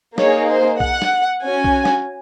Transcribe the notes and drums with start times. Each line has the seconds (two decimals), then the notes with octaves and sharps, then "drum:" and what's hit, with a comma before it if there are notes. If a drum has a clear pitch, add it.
0.18 A#3 D#4 G#4 C#5, drum: snare
0.49 C5
0.80 F#5, drum: kick B1
1.02 drum: snare
1.43 C#4 F#4 G#5
1.64 drum: kick B1
1.85 drum: snare